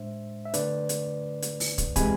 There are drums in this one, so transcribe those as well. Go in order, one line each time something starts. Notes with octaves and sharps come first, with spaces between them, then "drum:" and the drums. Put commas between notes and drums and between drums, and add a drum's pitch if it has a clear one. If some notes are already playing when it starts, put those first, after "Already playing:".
Already playing: A2 G#3 D4 C5 E5
E5
D3 A3 D4 B4 D5, drum: hi-hat
drum: hi-hat
drum: hi-hat
drum: open hi-hat
drum: kick, hi-hat
C3 E3 G#3 G#5 B5, drum: kick, hi-hat